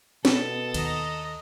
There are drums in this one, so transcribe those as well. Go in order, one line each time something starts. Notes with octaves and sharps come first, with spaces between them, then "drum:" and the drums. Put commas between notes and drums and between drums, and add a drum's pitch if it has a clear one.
B2 A4 D#6, drum: snare
D#2 D#5 A#5, drum: cymbal